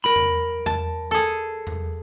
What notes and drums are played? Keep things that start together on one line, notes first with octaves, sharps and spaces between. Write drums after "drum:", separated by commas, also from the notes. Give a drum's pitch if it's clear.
A#4 B5
drum: tom E2
A5, drum: tom E2
G#4 A4
drum: tom E2